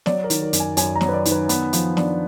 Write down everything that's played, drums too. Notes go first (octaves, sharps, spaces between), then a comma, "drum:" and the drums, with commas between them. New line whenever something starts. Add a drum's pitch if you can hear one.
F#3 D5, drum: snare
A#4
D#3, drum: hi-hat
A#4
F#2, drum: hi-hat
G#5
F#2 G#5, drum: hi-hat
A#5
F#3, drum: snare
B4
D5
D#3, drum: hi-hat
B4
B3, drum: hi-hat
F3, drum: hi-hat
D4, drum: snare